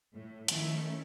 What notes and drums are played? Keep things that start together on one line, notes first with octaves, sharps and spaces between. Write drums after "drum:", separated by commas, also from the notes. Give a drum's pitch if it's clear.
A2
D#3 F3 A3 C#4 E4, drum: hi-hat